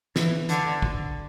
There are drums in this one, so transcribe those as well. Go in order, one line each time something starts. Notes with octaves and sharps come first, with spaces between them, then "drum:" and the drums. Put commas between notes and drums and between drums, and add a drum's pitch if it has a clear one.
E3, drum: snare
D3, drum: hi-hat
drum: kick